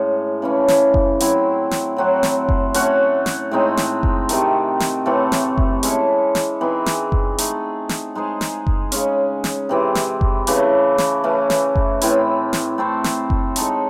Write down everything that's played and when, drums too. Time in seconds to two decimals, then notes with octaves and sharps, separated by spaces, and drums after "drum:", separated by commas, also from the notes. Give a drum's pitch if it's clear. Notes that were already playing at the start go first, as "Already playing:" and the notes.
Already playing: A2 G#3 C#4
0.42 C#3 E3 A3 C#4
0.68 drum: snare
0.94 drum: kick F#1
1.20 F#3 C4 E4, drum: hi-hat
1.71 drum: snare
1.96 A2 F#3 C4 F#4
2.23 drum: snare
2.49 drum: kick F#1
2.74 A3 C#4 F#4 C#5, drum: hi-hat
3.26 drum: snare
3.51 A2 G#3 C4 D#4
3.77 drum: snare
4.03 drum: kick F#1
4.29 C3 D#3 A3, drum: hi-hat
4.80 drum: snare
5.06 A2 E3 A3 C4
5.32 drum: snare
5.58 drum: kick F#1
5.83 G#3 C#4 E4 A4, drum: hi-hat
6.35 drum: snare
6.61 E3 C4 D#4 G#4
6.86 drum: snare
7.12 drum: kick F#1
7.38 A3 D#4 G#4, drum: hi-hat
7.89 drum: snare
8.15 G#3 D#4 G#4 C5
8.41 drum: snare
8.67 drum: kick F#1
8.92 C#3 G#3 C#4, drum: hi-hat
9.44 drum: snare
9.69 C3 E3 C4
9.95 drum: snare
10.21 drum: kick F#1
10.47 C#3 E3 A3, drum: hi-hat
10.98 drum: snare
11.24 E3 A3 C#4
11.50 drum: snare
11.76 drum: kick F#1
12.01 A2 E3 C4 E4, drum: hi-hat
12.53 drum: snare
12.78 A3 C4 E4 C5
13.04 drum: snare
13.30 drum: kick F#1
13.56 G#3 D#4 A4 C#5, drum: hi-hat